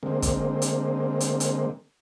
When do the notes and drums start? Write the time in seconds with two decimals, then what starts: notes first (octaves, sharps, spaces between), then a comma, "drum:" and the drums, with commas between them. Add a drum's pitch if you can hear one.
0.03 D3 G#3 A#3 C4
0.22 drum: kick, hi-hat
0.62 drum: hi-hat
1.20 drum: hi-hat
1.40 drum: hi-hat